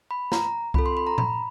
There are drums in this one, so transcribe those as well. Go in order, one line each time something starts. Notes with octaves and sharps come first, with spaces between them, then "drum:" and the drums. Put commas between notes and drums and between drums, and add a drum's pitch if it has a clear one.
B5
A#5, drum: snare
C4 F4 A4 B5, drum: kick C2
C6
B5
A#5
B5, drum: tom A#2